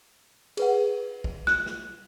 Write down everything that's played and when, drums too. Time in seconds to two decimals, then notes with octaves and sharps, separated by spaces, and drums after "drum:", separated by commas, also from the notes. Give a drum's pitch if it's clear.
0.57 G#4 B4 F#5, drum: cymbal
1.24 drum: kick
1.47 F#6, drum: snare
1.66 drum: snare